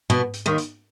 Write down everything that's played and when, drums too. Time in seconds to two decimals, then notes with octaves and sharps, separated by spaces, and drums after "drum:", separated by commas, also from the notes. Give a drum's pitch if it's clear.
0.10 B2 B3, drum: tom G#2
0.34 drum: hi-hat
0.46 D#2 D#3
0.58 drum: hi-hat